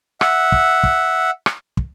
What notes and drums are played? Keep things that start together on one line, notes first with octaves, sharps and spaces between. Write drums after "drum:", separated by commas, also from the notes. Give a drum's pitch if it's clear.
E5 F#5, drum: rim click
drum: kick
drum: kick
drum: rim click
drum: kick